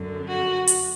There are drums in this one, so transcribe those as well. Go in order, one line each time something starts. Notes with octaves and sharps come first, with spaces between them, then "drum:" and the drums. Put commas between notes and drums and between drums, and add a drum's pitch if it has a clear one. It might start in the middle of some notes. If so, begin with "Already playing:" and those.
Already playing: F#2 D3
F#4
drum: hi-hat